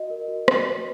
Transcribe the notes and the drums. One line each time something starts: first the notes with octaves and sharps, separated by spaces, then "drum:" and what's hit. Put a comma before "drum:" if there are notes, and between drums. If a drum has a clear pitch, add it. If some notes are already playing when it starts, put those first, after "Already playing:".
Already playing: F#4 D#5
A#4
F#4
F#4, drum: rim click
B4